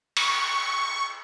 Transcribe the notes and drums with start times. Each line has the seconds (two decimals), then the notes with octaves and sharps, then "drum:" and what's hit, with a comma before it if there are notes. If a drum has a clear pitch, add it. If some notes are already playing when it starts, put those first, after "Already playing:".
0.17 C#6, drum: cymbal